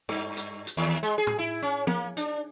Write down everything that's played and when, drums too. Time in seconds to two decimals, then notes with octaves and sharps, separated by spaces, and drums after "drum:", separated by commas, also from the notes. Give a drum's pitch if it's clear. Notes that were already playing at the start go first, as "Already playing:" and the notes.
0.09 G2, drum: rim click
0.37 drum: hi-hat
0.67 drum: hi-hat
0.77 D#2
1.03 G#3
1.18 G#4
1.27 drum: tom
1.39 E4
1.62 C#4
1.87 A#3, drum: tom
2.17 D4, drum: hi-hat